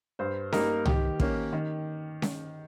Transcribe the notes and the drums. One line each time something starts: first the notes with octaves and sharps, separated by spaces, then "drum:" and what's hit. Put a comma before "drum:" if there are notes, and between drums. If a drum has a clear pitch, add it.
G2 C5
G3 A#3 D#4 A#4, drum: snare C#4
D#3 G4, drum: tom
A#3 C#4, drum: kick
D#3
drum: snare C#4